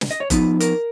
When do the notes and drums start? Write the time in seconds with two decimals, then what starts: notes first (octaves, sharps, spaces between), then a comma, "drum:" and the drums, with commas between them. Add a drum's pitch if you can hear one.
0.01 drum: snare
0.11 D#5
0.20 C#5
0.30 F3 B3 D#4 B4, drum: kick F#1, hi-hat
0.60 A#4, drum: hi-hat